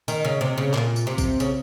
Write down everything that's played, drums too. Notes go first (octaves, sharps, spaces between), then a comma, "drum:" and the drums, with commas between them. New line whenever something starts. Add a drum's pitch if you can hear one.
D#3, drum: tambourine
C#3
C3
C#3
A#2, drum: clap
drum: tambourine
C3
drum: kick A#1, tambourine
C#3, drum: tambourine